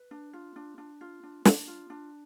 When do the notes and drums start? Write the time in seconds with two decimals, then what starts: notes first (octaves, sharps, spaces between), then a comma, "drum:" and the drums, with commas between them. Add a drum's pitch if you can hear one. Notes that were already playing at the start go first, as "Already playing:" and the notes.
Already playing: B4
0.11 D4
0.33 F4
0.56 D4
0.78 D4
1.01 F4
1.23 D4
1.45 D4, drum: snare
1.67 F4
1.90 D4